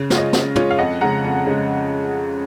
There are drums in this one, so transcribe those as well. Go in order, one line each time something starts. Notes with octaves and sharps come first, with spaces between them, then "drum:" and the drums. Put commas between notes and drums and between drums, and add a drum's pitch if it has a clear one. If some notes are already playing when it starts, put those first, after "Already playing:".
Already playing: C#3
G#3 C#4 F4, drum: snare
D#5
C#3, drum: snare
G#3 C#4 F4, drum: tom
F5
F2 D#5 F#5
C#3 G#3 F#5 A#5
F2
C#3 G#3